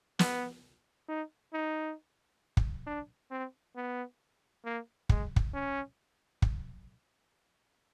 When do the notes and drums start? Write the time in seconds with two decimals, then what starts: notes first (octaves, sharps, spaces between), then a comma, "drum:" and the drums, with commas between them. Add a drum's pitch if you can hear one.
0.19 B3, drum: snare
1.08 D#4
1.53 D#4
2.57 drum: kick
2.87 D4
3.31 C4
3.76 B3
4.65 A#3
5.09 G#3, drum: kick
5.36 drum: kick
5.54 C#4
6.42 drum: kick